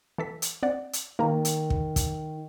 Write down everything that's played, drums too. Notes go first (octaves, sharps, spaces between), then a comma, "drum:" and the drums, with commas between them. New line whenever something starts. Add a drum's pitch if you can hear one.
E3 A4 B6
drum: hi-hat
C4 D5 F#5
drum: hi-hat
D#3 A#3 A#5
drum: hi-hat
drum: kick
drum: kick, hi-hat